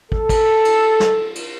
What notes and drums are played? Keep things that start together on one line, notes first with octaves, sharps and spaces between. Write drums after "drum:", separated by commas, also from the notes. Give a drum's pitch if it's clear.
A4, drum: kick
drum: kick, cymbal
drum: cymbal
drum: snare
drum: cymbal